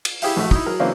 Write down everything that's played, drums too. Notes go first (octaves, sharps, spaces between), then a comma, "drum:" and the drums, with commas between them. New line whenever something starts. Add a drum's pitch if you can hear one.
drum: cymbal
E4 G4 G#4 E5 F5 G5, drum: open hi-hat
A#1 A3 F#4
D#4 E4, drum: kick
F#3 G#4 A#4
C#3 E3 F#3 A#3 C4 D4